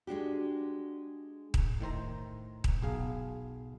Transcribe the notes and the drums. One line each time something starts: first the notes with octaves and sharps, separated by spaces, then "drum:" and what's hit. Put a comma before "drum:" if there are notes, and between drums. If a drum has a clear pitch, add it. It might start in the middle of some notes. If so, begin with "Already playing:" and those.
G#3 D4 F#4 G4
drum: kick D#1
A2 D#3 C5 A#5
drum: kick D#1
B1 G#4 F5